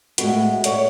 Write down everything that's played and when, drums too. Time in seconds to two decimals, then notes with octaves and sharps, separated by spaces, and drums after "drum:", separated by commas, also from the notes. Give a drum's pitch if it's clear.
0.18 A2 G#3 B3 F#4, drum: hi-hat
0.64 C#5, drum: hi-hat